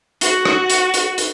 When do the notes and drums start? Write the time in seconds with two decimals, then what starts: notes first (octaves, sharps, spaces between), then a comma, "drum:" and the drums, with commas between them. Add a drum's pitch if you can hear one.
0.21 F#4, drum: hi-hat
0.45 drum: rim click
0.70 drum: hi-hat
0.94 drum: hi-hat
1.18 drum: hi-hat